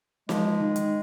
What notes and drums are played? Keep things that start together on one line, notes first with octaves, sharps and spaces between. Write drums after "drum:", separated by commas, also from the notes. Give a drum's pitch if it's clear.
F3 G#3, drum: snare
D#3
drum: hi-hat